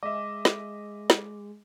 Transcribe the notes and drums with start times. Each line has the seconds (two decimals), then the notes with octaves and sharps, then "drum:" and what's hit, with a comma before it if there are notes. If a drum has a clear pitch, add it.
0.03 G#3 D#5 E5 D6
0.45 drum: snare
1.10 drum: snare